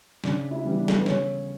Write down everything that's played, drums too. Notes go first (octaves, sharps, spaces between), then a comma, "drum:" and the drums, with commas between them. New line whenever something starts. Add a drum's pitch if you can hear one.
C#3 D4, drum: snare
E4
E3 G3 B3
D4
A4, drum: snare
B4
C#3 C#5, drum: snare